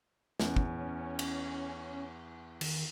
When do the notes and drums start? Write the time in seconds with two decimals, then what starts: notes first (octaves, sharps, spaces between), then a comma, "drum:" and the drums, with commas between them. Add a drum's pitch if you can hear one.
0.40 E2 C#4, drum: snare
0.56 drum: kick
1.19 drum: cymbal
2.61 D#3, drum: cymbal